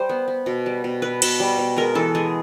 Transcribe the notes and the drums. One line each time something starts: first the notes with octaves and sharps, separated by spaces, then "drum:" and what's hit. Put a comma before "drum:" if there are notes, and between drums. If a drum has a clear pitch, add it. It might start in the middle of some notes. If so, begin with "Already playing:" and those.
Already playing: G3 C5
B3
B3
B2
G3
B2
B2 B4
B2, drum: cymbal
G3
B2
G#3 A#4
E3 A4
G#3 G#4